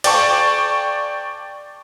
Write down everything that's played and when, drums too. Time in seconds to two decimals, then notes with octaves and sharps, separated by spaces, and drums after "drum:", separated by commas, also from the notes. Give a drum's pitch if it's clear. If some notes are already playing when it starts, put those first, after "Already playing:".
0.04 D5 G5 A5 C#6, drum: cymbal